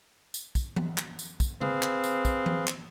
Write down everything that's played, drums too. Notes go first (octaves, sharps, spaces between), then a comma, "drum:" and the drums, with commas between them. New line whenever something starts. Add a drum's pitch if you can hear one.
drum: tambourine
drum: kick, tambourine
drum: tom E3
drum: clap
drum: tambourine
drum: kick, tambourine
C4 G#4 B4 F5, drum: tom C#3
drum: clap
drum: tambourine
drum: kick, tambourine
drum: tom E3
drum: clap